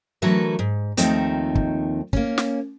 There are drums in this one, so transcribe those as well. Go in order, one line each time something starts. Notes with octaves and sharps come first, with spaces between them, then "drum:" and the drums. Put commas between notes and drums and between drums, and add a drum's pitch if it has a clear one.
D3 E3 F#3 A3 A#4 B4
G#2
D#2 D#3 F3 A3 C4 D#4, drum: hi-hat
drum: kick
A#3 C#4, drum: kick
drum: snare